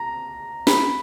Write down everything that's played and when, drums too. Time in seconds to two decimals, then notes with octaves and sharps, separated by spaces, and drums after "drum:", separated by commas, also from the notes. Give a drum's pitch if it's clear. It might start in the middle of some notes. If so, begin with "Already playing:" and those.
Already playing: A#5
0.67 B5, drum: snare